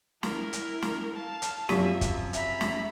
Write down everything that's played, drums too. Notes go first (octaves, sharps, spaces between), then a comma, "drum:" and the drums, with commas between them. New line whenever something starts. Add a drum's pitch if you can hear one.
E4 A#4, drum: snare
drum: hi-hat
drum: snare
F5 A5
drum: hi-hat
F#2 C3 F3 F#3 G4 E5, drum: snare
drum: kick, hi-hat
E5 A#5 B5, drum: hi-hat
drum: snare